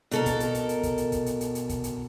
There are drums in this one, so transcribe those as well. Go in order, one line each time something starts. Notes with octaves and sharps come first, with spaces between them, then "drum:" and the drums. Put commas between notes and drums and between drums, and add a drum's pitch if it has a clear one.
B2 A4 A#4, drum: hi-hat
drum: kick, hi-hat
drum: hi-hat
drum: hi-hat
drum: hi-hat
drum: kick, hi-hat
drum: hi-hat
drum: kick, hi-hat
drum: hi-hat
drum: hi-hat
drum: hi-hat
drum: kick, hi-hat
drum: hi-hat